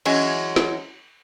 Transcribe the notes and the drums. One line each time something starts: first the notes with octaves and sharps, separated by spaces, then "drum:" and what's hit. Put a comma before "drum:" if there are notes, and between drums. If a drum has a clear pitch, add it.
E3 F#3 G#3 C#4, drum: cymbal
drum: snare